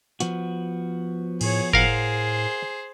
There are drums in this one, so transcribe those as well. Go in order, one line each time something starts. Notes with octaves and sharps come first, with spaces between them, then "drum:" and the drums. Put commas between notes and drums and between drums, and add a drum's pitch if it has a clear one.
F3 B3 F#4, drum: hi-hat
A2 G#4 C#5, drum: cymbal
A2 G#4 A#4 C5 F5 F#5, drum: kick G1